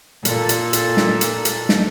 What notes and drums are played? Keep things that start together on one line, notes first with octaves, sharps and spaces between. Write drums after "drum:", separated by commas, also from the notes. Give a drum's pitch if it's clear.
A#2 A4, drum: hi-hat
drum: hi-hat
drum: hi-hat
drum: snare
drum: hi-hat
drum: hi-hat
drum: snare